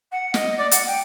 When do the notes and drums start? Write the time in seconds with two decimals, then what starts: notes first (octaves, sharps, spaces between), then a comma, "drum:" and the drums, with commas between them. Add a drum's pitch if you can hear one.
0.12 F#5
0.34 D#5, drum: snare
0.58 D5
0.71 F#5, drum: hi-hat
0.87 G5